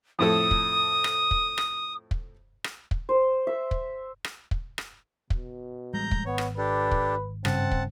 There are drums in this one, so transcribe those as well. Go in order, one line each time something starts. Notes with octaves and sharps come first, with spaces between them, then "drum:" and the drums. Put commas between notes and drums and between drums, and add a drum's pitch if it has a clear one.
F2 A2 A4 D#6
drum: kick
drum: rim click
drum: kick
drum: rim click
drum: kick
drum: rim click
drum: kick
C5
E5
drum: kick
drum: rim click
drum: kick
drum: rim click
B2, drum: kick
A1 G3 G#3 A#5 G6
drum: kick
G#1 B3 C#5
drum: rim click
D4 G4 A4 B4
drum: kick
G2 C#3 C4 F#5 A5, drum: rim click
drum: kick